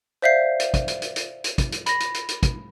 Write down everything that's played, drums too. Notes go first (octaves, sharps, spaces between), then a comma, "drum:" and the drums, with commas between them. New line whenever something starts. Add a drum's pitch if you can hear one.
C5 D5 E5 F5 G6 C7
drum: hi-hat
drum: kick, hi-hat
drum: hi-hat
drum: hi-hat
drum: hi-hat
drum: hi-hat
drum: kick, hi-hat
drum: hi-hat
B5 A#6, drum: hi-hat
drum: hi-hat
drum: hi-hat
drum: hi-hat
drum: kick, hi-hat